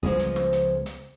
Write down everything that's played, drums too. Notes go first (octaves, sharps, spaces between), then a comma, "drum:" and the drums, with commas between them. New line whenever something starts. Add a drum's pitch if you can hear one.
C#2 F3 G#3 B3 G#4
drum: kick, hi-hat
drum: snare
drum: hi-hat
drum: hi-hat